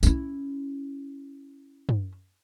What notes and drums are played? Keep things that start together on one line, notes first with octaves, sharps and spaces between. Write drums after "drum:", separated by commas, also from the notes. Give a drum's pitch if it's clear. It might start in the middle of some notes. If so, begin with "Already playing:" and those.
C#4 E4, drum: tambourine
drum: tom